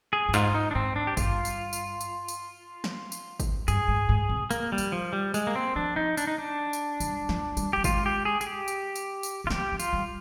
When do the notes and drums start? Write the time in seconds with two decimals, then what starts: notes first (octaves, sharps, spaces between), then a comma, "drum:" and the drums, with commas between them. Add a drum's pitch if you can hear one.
0.13 G#4
0.29 G2
0.34 G#2 F4, drum: tambourine
0.55 D#4
0.71 D4
0.75 G#2 C4
0.96 D4
1.07 G4
1.17 G2 F4, drum: kick G#1, tambourine
1.45 drum: tambourine
1.73 drum: tambourine
2.01 drum: tambourine
2.28 drum: tambourine
2.84 drum: snare
3.12 drum: tambourine
3.40 drum: kick G#1, tambourine
3.68 G2 G#4, drum: tambourine
3.88 G#2
4.09 G#2
4.29 C3
4.51 A#3, drum: tambourine
4.72 G3
4.78 F3, drum: tambourine
4.92 F3
5.13 G3
5.34 G#3, drum: tambourine
5.47 A#3
5.56 C4
5.76 F3 D4
5.96 D#4
6.17 D4, drum: tambourine
6.27 D#4
6.38 D4
6.73 drum: tambourine
7.00 G3, drum: tambourine
7.29 F3, drum: snare
7.57 G3, drum: tambourine
7.73 G3 G4
7.84 G#3 F4, drum: kick G#1, tambourine
8.06 G4
8.25 G#4
8.41 G#4, drum: tambourine
8.47 G4
8.68 drum: tambourine
8.96 drum: tambourine
9.23 drum: tambourine
9.44 D#3
9.47 F4
9.51 F3 G4, drum: snare
9.72 F3
9.80 F4, drum: tambourine
9.93 G3